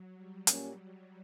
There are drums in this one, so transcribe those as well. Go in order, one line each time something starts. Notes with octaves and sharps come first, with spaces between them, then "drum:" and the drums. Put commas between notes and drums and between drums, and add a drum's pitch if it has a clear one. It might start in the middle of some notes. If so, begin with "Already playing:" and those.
Already playing: F#3
G3
A#2 A#3 C#4 G4, drum: hi-hat